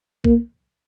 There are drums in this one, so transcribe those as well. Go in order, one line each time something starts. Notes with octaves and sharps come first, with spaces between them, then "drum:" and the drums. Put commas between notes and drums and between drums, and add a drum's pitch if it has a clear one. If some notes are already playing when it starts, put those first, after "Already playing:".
A#3, drum: kick B1